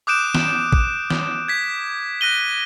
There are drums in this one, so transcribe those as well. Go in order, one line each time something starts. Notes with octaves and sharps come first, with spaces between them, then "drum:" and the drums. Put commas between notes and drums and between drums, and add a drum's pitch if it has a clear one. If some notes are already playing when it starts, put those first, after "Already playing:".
D6 D#6 F#6 G6 D7 E7
drum: snare
drum: kick A1
drum: snare
G#6 B6
F#6 A#6 D#7 G7